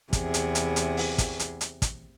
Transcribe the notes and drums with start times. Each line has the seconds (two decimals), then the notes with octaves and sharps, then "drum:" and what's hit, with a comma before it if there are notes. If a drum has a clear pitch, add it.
0.13 E2 C3 G#4, drum: kick, hi-hat
0.34 drum: hi-hat
0.55 drum: hi-hat
0.76 drum: hi-hat
0.97 drum: open hi-hat
1.18 drum: kick, hi-hat
1.40 drum: hi-hat
1.61 drum: hi-hat
1.82 drum: kick, hi-hat